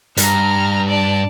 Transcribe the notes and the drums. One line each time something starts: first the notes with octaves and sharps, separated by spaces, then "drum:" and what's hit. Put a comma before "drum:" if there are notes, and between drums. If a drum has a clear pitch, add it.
G2 A#5 F6, drum: hi-hat
D5 A5